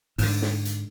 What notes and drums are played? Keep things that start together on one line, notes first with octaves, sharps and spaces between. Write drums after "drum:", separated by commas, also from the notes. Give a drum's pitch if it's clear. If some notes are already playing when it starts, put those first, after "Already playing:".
G#2 D3, drum: open hi-hat
drum: snare
drum: hi-hat